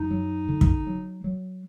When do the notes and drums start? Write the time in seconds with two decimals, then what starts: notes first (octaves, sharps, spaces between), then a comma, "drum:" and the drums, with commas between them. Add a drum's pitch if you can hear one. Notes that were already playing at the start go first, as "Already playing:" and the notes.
Already playing: F#2 D#4
0.11 F#3
0.48 D3
0.61 drum: kick
0.87 F#3
1.24 F#3